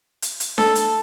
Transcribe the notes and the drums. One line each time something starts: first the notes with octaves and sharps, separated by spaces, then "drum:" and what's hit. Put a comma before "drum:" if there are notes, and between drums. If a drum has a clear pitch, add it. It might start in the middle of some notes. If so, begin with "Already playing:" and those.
drum: hi-hat
drum: hi-hat
A4, drum: snare D4
drum: hi-hat